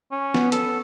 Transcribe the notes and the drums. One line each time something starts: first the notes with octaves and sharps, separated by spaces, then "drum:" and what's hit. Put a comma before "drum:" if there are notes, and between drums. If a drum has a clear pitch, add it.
C#4
B3, drum: snare
A4, drum: hi-hat